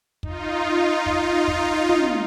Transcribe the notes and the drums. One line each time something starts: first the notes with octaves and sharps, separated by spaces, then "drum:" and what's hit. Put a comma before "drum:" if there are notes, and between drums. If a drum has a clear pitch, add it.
D#4 F4, drum: kick
drum: kick
drum: kick
drum: tom